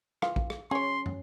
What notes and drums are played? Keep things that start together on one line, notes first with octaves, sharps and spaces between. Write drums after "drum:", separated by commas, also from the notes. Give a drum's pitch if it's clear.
E3 F4 F5, drum: rim click
drum: kick
drum: rim click
C#4 G#4 C#5 C6
drum: tom